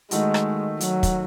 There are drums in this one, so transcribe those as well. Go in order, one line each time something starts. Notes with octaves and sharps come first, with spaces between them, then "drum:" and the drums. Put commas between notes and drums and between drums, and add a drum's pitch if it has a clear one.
D#3 G#3 A3 D#4 F#4, drum: hi-hat
drum: rim click
F#3, drum: hi-hat
drum: kick, hi-hat